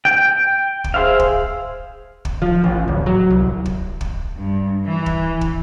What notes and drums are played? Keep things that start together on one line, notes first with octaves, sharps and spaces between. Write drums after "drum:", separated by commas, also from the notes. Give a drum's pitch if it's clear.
G5
drum: kick
G#4 C5 E5 F5
drum: kick
drum: kick
F3
A1
D1
F#3
C2
drum: kick
drum: kick
G2
E3
drum: kick
drum: kick